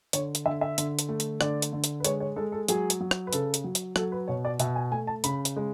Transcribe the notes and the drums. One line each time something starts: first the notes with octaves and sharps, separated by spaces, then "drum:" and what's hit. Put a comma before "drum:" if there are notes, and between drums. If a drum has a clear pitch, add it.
D3 C#5, drum: hi-hat
drum: hi-hat
D3 E5
E5
D3, drum: hi-hat
drum: hi-hat
A3
drum: hi-hat
D3 D5, drum: rim click
drum: hi-hat
D3
drum: hi-hat
B4
G#3 C#5, drum: hi-hat
C#5
G#3 A4
A4
F#3 G#4, drum: hi-hat
drum: hi-hat
F#3
drum: rim click
B4
C#3 A4, drum: hi-hat
drum: hi-hat
F#3
drum: hi-hat
F#3 A4, drum: rim click
B4
B2 C#5
D5
B2 E5, drum: hi-hat
G#5
A3 G#5
A5
C#3 B5, drum: hi-hat
drum: hi-hat
G#3